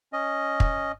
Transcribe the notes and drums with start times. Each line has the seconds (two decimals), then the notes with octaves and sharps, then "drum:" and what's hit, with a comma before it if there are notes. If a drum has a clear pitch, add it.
0.13 C#4 D#5
0.60 drum: kick